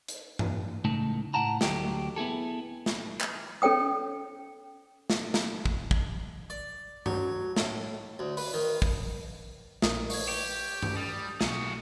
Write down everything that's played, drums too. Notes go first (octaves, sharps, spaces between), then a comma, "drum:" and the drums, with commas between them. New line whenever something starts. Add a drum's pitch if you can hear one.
drum: hi-hat
drum: tom G2
C#2 A2 C#3 A3 D#4 A5
A2 F#5 A5 A#5
D2 F#3 G4, drum: snare
B3 E4 G#4 A4
drum: snare
drum: clap
C#4 A4 C#5 G5 D#6
drum: snare
drum: snare
drum: kick
drum: kick
D5
F#3, drum: tom G2
A2, drum: snare
D2
B4, drum: open hi-hat
D#3
drum: kick
A#1 A#4 D#6, drum: snare
C#6 G#6, drum: open hi-hat
G4
drum: tom G2
G3 D#6 A6
B1 F#4 G#4, drum: snare